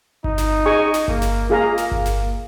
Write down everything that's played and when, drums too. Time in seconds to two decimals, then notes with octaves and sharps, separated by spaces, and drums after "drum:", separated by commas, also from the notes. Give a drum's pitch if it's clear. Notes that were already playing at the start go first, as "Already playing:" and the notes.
0.24 D#4, drum: kick G1
0.38 drum: snare
0.66 G#4 D#5 G#5 C#6
0.94 drum: snare
1.08 A#3, drum: kick G1
1.22 drum: snare
1.49 A#3 F4 G#4 F5 A#5
1.78 drum: snare
1.92 drum: kick G1
2.05 drum: snare